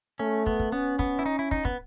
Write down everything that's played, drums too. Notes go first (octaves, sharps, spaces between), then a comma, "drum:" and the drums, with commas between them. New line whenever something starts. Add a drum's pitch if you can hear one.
A3 C#4
B3, drum: kick
drum: kick
B3 C#4
B3, drum: kick
E4
D#4
E4
D#4, drum: kick
B3, drum: kick